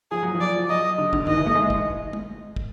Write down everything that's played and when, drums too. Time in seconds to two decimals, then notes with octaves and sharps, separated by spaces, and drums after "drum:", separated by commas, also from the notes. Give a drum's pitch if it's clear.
0.11 F3 G#4
0.23 F#3
0.35 F3
0.41 D5
0.69 F#3 D#5
0.98 D3
1.13 D3, drum: kick
1.27 D#3 D#5, drum: tom
1.37 E3
1.46 A3
1.55 G#3
1.70 drum: kick
2.13 drum: tom
2.56 drum: kick